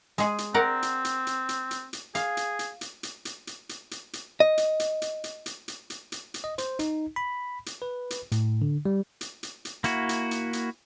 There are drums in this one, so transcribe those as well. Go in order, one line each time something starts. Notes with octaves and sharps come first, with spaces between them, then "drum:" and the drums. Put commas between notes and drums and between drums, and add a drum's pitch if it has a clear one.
G#3 G#4, drum: hi-hat
drum: hi-hat
C4 A#4 D5 F#5
drum: hi-hat
drum: hi-hat
drum: hi-hat
drum: hi-hat
drum: hi-hat
drum: hi-hat
G#4 F5, drum: hi-hat
drum: hi-hat
drum: hi-hat
drum: hi-hat
drum: hi-hat
drum: hi-hat
drum: hi-hat
drum: hi-hat
drum: hi-hat
drum: hi-hat
D#5
drum: hi-hat
drum: hi-hat
drum: hi-hat
drum: hi-hat
drum: hi-hat
drum: hi-hat
drum: hi-hat
drum: hi-hat
drum: hi-hat
D#5
C5, drum: hi-hat
D#4, drum: hi-hat
B5
drum: hi-hat
B4
drum: hi-hat
A2, drum: hi-hat
D3
G3
drum: hi-hat
drum: hi-hat
drum: hi-hat
A#3 E4 F#4, drum: hi-hat
drum: hi-hat
drum: hi-hat
drum: hi-hat